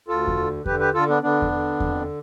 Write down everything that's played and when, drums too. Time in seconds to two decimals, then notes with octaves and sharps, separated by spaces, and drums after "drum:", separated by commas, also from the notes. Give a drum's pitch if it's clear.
0.08 D2 F4 A4
0.27 drum: kick E2
0.37 D3
0.66 D3 G4 B4, drum: kick E2
0.80 G4 B4
0.94 D3 F4 A4
1.08 B3 D4
1.22 D3 B3 D4
1.42 drum: kick E2
1.52 D3
1.80 F2, drum: kick E2